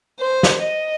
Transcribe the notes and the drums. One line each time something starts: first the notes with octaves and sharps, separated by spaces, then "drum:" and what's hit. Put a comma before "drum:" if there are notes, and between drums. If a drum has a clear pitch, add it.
C5
drum: snare
D#5